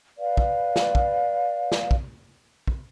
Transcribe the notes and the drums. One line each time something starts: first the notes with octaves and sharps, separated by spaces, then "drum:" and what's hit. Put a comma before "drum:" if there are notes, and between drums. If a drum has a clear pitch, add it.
B4 D5 F5
drum: kick
drum: snare
drum: kick
drum: snare
drum: kick
drum: kick